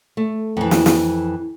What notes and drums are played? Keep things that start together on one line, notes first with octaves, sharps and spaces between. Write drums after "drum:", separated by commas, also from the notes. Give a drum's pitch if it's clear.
A3
F2 E3
drum: snare
drum: snare